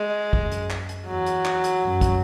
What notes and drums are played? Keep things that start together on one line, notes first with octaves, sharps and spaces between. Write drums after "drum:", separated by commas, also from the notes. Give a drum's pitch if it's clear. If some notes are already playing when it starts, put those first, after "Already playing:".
Already playing: G#3
F#2, drum: kick
drum: hi-hat
drum: clap
drum: hi-hat
E2 F#3
drum: hi-hat
drum: clap
drum: hi-hat
F#2
drum: kick, hi-hat